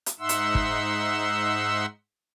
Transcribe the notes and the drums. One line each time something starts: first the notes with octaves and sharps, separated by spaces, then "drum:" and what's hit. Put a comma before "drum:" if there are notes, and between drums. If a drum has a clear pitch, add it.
drum: hi-hat
G#2 D#4 E5 F#5 C6 E6
drum: hi-hat
drum: kick